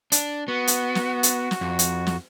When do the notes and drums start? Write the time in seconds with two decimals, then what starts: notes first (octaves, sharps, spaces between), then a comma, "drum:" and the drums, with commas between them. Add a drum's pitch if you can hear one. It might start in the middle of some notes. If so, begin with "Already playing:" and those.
0.12 D4, drum: hi-hat
0.48 B3 F#4
0.67 drum: hi-hat
0.95 drum: snare
1.23 drum: hi-hat
1.51 drum: snare
1.61 F2
1.79 drum: hi-hat
2.07 drum: snare